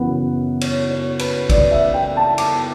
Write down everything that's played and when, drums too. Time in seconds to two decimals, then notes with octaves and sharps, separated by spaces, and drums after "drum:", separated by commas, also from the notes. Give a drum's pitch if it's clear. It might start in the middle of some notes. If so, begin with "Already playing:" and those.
Already playing: F#2 C#3 E3 B3 F#5
0.61 C#5, drum: cymbal
0.90 C#5
1.19 B4, drum: cymbal
1.50 D5, drum: kick, cymbal
1.71 E5
1.94 G5
2.16 A5
2.38 D6, drum: cymbal